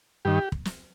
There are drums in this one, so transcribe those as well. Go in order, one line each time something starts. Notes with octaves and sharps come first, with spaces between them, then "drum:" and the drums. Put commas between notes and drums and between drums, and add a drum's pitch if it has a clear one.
G2 D#3 G4
drum: kick
drum: snare